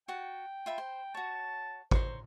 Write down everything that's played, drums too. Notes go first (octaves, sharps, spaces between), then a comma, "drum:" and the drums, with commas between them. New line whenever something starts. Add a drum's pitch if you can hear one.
F#4 F#5 G5 A5
F4 E5 B5
C5
F#4 C#5 A5
C5 C#5 A#5 C6, drum: kick